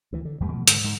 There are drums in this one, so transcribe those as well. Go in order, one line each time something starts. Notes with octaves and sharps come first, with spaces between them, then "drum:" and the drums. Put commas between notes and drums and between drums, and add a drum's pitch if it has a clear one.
D2 E3
D3
E2 G2 G3 A3
B2 F3 A3
G#2 D3, drum: hi-hat
G#2 G#3